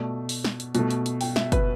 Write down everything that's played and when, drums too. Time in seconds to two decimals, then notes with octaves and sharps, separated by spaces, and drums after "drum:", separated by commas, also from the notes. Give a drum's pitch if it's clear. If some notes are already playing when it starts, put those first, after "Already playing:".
Already playing: B2 A3 D5
0.29 drum: open hi-hat
0.44 drum: snare
0.60 drum: hi-hat
0.75 B2 A3, drum: hi-hat
0.91 drum: hi-hat
1.06 drum: hi-hat
1.21 G5, drum: open hi-hat
1.36 E5, drum: snare
1.52 B4, drum: kick, hi-hat